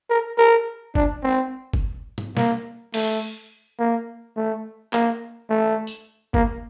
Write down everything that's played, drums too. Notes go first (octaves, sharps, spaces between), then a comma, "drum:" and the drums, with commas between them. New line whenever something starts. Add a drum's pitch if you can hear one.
A#4
A#4
D4, drum: kick G1
C4
drum: kick G1
drum: tom
A#3, drum: snare
A3, drum: open hi-hat
A#3
A3
A#3, drum: clap
A3
drum: tambourine
A#3, drum: kick G1